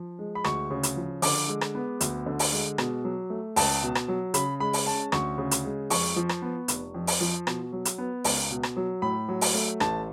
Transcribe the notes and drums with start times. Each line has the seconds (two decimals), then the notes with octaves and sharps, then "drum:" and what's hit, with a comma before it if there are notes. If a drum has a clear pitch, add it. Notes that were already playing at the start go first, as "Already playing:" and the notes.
Already playing: F3
0.19 G#3
0.35 B5
0.44 D2 C#6, drum: rim click
0.70 C#3
0.83 drum: hi-hat
0.97 F3
1.22 D3 D6, drum: open hi-hat
1.48 G#3
1.61 drum: rim click
1.75 B3
2.01 D2, drum: hi-hat
2.26 D3
2.39 drum: open hi-hat
2.52 G#3
2.78 B2, drum: rim click
3.05 F#3
3.30 A3
3.56 C#2 A5, drum: open hi-hat
3.83 B2
3.95 drum: rim click
4.08 F#3
4.34 C#3 B5, drum: hi-hat
4.60 G#3 B5
4.73 drum: open hi-hat
4.87 C#4 A5
5.12 D2 C#6, drum: rim click
5.38 C#3
5.51 drum: hi-hat
5.65 G#3
5.90 F2 C#6, drum: open hi-hat
6.16 F3
6.29 drum: rim click
6.42 B3
6.68 F1, drum: hi-hat
6.94 F2
7.07 drum: open hi-hat
7.21 F3
7.47 B2, drum: rim click
7.73 F#3
7.85 drum: hi-hat
7.98 B3
8.24 C#2, drum: open hi-hat
8.50 B2
8.63 drum: rim click
8.77 F#3
9.02 A2 B5
9.29 F#3
9.41 drum: open hi-hat
9.54 A3
9.80 A1 A5, drum: rim click